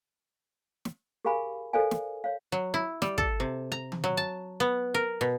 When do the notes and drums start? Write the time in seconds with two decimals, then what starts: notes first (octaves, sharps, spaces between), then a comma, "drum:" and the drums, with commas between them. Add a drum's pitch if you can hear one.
0.85 drum: snare
1.25 G4 G#4 A#4 F5 G#5 B5
1.73 A4 A#4 C5 D5 F5 G#5
1.91 drum: snare
2.24 C#5 F5
2.52 F#3
2.74 E4
3.02 G3, drum: snare
3.18 A4, drum: kick
3.40 C3
3.72 A#5
3.92 drum: tom D#3
4.04 F#3
4.17 A5
4.60 B3
4.94 A#4
5.21 B2